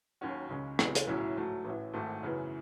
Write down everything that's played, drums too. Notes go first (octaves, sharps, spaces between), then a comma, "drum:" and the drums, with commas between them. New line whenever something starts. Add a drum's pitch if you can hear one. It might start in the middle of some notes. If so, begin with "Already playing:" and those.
D#2 D#3 F#3 C#4 F#4
C#2 C#3 G#3 C#4
C#2 C#3 E3 G#3 B3, drum: rim click
drum: hi-hat
B1 A2 F#3 C#4 E4
G#2 F#3 A3
A1 A2 E3
G#1 G#2 D#3 A3
F#2 C#3 E3 B3